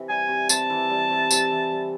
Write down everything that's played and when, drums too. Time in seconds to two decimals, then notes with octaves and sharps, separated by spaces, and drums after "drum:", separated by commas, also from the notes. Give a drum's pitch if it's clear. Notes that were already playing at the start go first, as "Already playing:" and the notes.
Already playing: C3 E3
0.09 G3 G#5
0.28 C3
0.49 C3 A5, drum: tambourine
0.70 E3
0.90 G3
1.10 C3
1.31 C3, drum: tambourine
1.51 E3
1.72 G3